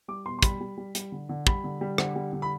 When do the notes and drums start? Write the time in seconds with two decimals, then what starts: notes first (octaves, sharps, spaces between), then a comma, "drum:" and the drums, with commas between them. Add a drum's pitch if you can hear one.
0.08 G3 D6
0.26 B2 C6
0.39 C6
0.42 G3 B5, drum: kick, hi-hat
0.61 G3
0.78 G3
0.95 G3, drum: hi-hat
1.12 D3
1.29 D3
1.47 G3 B5, drum: kick
1.64 D3
1.81 G3
1.98 D3, drum: rim click
2.16 G3
2.33 D3
2.42 B5